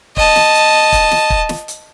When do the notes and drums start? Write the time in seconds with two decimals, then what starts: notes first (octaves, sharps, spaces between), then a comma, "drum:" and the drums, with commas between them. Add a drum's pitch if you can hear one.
0.17 D#5 A5, drum: kick
0.36 drum: snare
0.55 drum: hi-hat
0.92 drum: kick, hi-hat
1.11 drum: snare
1.30 drum: kick
1.49 drum: snare
1.68 drum: hi-hat